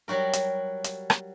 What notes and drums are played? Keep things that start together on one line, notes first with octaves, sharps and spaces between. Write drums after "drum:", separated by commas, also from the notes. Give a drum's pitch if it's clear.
F#3 G3 F#4 A#4
drum: hi-hat
drum: hi-hat
drum: rim click